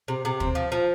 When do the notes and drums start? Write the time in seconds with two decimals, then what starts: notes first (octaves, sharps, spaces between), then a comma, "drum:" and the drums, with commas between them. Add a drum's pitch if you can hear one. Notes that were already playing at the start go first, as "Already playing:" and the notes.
0.08 C3
0.25 C3
0.40 C4, drum: kick
0.55 F3
0.72 F3